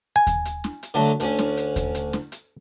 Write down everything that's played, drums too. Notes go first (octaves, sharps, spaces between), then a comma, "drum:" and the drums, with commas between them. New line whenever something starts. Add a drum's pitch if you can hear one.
G#5
drum: kick D#2, hi-hat
drum: hi-hat
drum: snare
drum: hi-hat
D3 F#3 A3
D2 C#4, drum: hi-hat
drum: snare
drum: hi-hat
drum: kick D#2, hi-hat
drum: hi-hat
drum: snare
drum: hi-hat